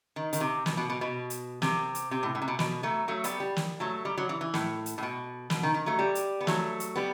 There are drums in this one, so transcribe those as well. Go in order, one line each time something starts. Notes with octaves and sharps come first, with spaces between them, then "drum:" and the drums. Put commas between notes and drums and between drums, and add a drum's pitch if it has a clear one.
D#3
D#3, drum: hi-hat
C3
B2, drum: snare
B2
B2
B2
drum: hi-hat
C3, drum: snare
drum: hi-hat
C3
A2
A2
C3
B2
B2, drum: snare
F#3 A3
F#3 A3
G3 B3, drum: hi-hat
G3
drum: snare
F#3 A3
G3
F#3
E3
E3
A2, drum: snare
drum: hi-hat
A2
B2
B2, drum: snare
D#3
D#3
F#3 A3
G3
drum: hi-hat
B3
F#3 A3, drum: snare
drum: hi-hat
G3 B3